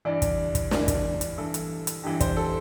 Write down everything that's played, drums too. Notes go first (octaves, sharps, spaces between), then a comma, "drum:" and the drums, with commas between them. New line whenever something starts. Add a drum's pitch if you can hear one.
G2 E3 D4
drum: kick, hi-hat
drum: kick, hi-hat
G2 E3 D4, drum: snare
drum: kick, hi-hat
drum: hi-hat
G2 E3 A4
drum: hi-hat
drum: hi-hat
G2 E3 G4
C5, drum: kick, hi-hat
A4